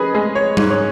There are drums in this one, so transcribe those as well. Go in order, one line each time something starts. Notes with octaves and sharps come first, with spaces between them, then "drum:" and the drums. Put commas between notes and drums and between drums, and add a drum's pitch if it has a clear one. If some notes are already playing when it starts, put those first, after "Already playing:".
Already playing: C#4 G#4 B4 D#5
G#3 G#4
C#5
G#2, drum: tom G3
C#5